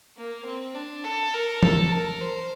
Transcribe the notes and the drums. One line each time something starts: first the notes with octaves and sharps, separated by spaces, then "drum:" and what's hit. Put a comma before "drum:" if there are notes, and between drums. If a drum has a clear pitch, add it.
A#3
C4
D4
A4
A#4
A4, drum: tom E3
A#4
C5